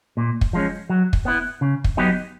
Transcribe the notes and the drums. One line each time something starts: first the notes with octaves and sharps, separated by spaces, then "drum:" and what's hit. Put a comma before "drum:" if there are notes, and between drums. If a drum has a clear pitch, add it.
A#2
drum: kick
F3 G#3 C#4
F#3
drum: kick
B3 E4
C#3
drum: kick
F#3 B3 D#4 G4